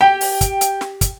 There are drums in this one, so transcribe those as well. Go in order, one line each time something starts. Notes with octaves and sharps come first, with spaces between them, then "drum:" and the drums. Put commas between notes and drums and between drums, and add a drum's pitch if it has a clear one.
G4 G5
drum: open hi-hat
drum: kick, hi-hat
drum: hi-hat
drum: snare
drum: kick, hi-hat